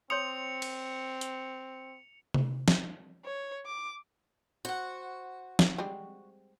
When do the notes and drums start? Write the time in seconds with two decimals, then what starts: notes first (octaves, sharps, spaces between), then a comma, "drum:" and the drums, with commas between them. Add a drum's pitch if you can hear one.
0.10 C4 C#5 C6 D#6 C#7 F7
0.62 drum: cymbal
1.21 drum: hi-hat
2.34 drum: tom C3
2.68 drum: snare
3.25 C#5
3.66 D6
4.65 F#4 C5 F#5
5.59 drum: snare
5.78 G3 G#3 C4